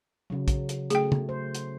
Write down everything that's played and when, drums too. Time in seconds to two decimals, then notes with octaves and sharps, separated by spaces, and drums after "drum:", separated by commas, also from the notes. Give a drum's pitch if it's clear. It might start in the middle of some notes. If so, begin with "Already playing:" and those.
0.30 C#3 F#3
0.48 drum: kick, hi-hat
0.69 drum: hi-hat
0.90 C#3 A3 G#4 G5, drum: hi-hat
1.12 drum: tom
1.29 C5
1.55 drum: hi-hat